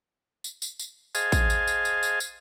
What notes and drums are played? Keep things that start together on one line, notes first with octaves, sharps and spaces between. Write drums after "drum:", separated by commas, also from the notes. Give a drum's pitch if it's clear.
drum: tambourine
drum: tambourine
drum: tambourine
G#4 C5 D#5 F5 G#5 A5, drum: tambourine
drum: kick A1, tambourine
drum: tambourine
drum: tambourine
drum: tambourine
drum: tambourine
drum: tambourine